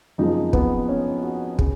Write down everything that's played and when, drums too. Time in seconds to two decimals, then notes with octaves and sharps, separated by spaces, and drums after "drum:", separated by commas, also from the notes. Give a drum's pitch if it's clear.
0.18 F#1 F2 F3 G#3 D#4
0.53 B3, drum: kick
0.89 C#4
1.23 F#4
1.59 C#3 G#4, drum: kick